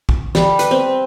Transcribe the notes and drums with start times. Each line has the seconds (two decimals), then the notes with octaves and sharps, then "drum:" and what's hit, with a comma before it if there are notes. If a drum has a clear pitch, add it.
0.09 drum: kick
0.35 G3, drum: snare
0.59 B4, drum: hi-hat
0.71 C4